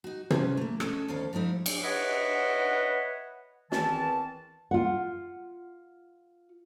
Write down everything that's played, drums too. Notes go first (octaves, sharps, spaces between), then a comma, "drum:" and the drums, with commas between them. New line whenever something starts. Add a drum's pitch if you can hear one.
D#4 F#4
C#4 F4 B4 C5, drum: tom
A3 A#3
C#4 A4 D#5, drum: rim click
D2 D#3 C#4 A4 D5 F5
F3 G3 A3 D#4 E4
drum: cymbal
B4 C#5 D#5 E5 F#5
E2 D#3 E3 C4 A5, drum: snare
F4 F#5